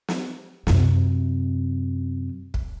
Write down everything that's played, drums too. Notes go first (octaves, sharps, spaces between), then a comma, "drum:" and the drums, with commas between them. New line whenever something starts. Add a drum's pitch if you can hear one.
drum: snare
F#2 C3, drum: snare
drum: kick